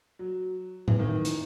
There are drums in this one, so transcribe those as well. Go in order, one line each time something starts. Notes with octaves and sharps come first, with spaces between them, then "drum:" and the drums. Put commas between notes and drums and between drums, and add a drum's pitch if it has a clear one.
F#3
E3, drum: tom A2
D#3
drum: hi-hat